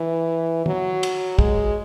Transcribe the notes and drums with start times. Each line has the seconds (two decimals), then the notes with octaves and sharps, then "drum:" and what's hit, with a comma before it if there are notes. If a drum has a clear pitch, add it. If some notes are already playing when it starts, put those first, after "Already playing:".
Already playing: E3
0.66 F#3, drum: tom
1.03 drum: cymbal
1.39 G#3, drum: kick